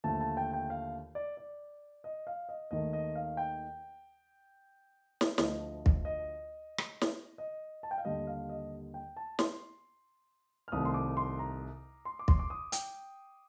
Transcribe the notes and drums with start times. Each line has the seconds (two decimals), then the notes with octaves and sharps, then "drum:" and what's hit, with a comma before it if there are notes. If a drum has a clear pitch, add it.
0.04 D#2 D3 F3 A3 A5
0.21 A5
0.37 G5
0.53 G5
0.70 F5
1.15 D5
1.37 D5
2.04 D#5
2.27 F5
2.49 D#5
2.71 D#2 D#3 A3 D#5
2.93 D#5
3.15 F5
3.37 G5
5.21 drum: snare
5.38 D2 D3 F3 A3 D#5, drum: snare
5.86 drum: kick
6.05 D#5
6.78 drum: rim click
7.01 drum: snare
7.38 D#5
7.83 A5
7.91 G5
7.98 F5
8.05 D#2 D3 G3 D#5
8.27 F5
8.49 D#5
8.94 G5
9.17 A5
9.39 C6, drum: snare
10.68 F6
10.72 C2 C3 D#3 A3 D#6
10.85 C6
10.94 D6
11.17 C6
11.39 A#5
12.05 C6
12.19 D6
12.28 C6, drum: kick
12.39 D6
12.50 D#6
12.72 G5, drum: hi-hat